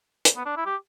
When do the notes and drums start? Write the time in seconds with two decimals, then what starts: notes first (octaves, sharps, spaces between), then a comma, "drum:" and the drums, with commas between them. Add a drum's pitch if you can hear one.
0.25 drum: hi-hat
0.36 B3
0.46 D4
0.57 E4
0.66 G4